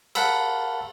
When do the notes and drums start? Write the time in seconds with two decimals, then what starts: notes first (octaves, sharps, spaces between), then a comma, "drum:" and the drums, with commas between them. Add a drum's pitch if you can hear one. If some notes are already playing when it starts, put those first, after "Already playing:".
0.15 A#4 F5 F#5 A5 B5 E6, drum: cymbal